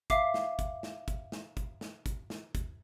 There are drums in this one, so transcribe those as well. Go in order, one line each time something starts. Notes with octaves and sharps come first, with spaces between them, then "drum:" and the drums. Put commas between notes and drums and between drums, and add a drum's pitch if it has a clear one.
E5 F5 D6 C7, drum: kick, hi-hat
drum: snare
drum: kick, hi-hat
drum: snare
drum: kick, hi-hat
drum: snare
drum: kick, hi-hat
drum: snare
drum: kick, hi-hat
drum: snare
drum: kick, hi-hat